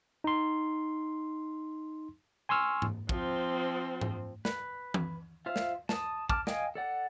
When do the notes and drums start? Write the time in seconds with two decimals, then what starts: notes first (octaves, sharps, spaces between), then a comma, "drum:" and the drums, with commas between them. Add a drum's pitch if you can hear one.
0.24 D#4 C6
2.49 G#5 C6 C#6 E6 F6
2.82 drum: tom G#2
3.09 F3 C4, drum: kick
4.01 drum: tom G#2
4.45 B4, drum: snare
4.94 drum: tom E3
5.46 F4 C5 E5 F5
5.56 drum: snare
5.89 A5 D#6, drum: snare
6.29 A5 D6 F6, drum: kick
6.47 D#5 F5 G5 G#5 D#6, drum: snare
6.75 A4 D5 F#5